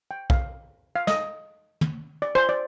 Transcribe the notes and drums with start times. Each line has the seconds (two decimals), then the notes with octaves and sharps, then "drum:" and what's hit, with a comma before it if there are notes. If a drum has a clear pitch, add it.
0.11 G5
0.30 F5, drum: kick
0.96 F5
1.07 D#5, drum: snare
1.81 drum: tom
2.22 D5
2.35 C5
2.49 D5